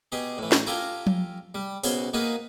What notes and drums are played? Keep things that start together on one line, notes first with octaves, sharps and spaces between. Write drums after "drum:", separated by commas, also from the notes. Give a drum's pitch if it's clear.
B2 G4 G#4
A2 E3
drum: snare
F4 G4 A4 G#5 A#5
drum: tom F3
G3
B1 C#3 F#4 C5 C#5 C6, drum: open hi-hat
A#3 D#4 F#4 G#4 B4